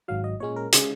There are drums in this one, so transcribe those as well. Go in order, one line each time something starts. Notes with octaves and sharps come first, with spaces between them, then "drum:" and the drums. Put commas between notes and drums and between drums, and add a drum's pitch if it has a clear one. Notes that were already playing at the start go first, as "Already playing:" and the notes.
G#1 G#2 F#3 F5
D#5
A#2 G#3 C#4 C#5
A#4
C#3 G#3 G#4, drum: hi-hat